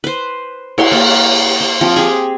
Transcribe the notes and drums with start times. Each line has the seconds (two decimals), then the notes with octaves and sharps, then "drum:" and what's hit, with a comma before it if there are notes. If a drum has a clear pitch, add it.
0.04 B4 C5
0.78 E4 C#5 C6, drum: cymbal
0.92 A#3
1.60 C5
1.81 F3 C4
1.96 G4 G#4